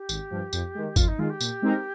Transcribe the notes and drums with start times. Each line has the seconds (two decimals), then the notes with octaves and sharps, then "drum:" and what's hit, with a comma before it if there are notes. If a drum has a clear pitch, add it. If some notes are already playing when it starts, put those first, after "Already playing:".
Already playing: G4
0.09 G#1, drum: tambourine
0.31 G2 F3
0.53 F2, drum: tambourine
0.75 D#3 G#3
0.96 F2 F4, drum: kick G#1, tambourine
1.07 D#4
1.18 D#3 G#3 F4
1.29 G4
1.41 A#2, drum: tambourine
1.62 G#3 C4 D#4 A#4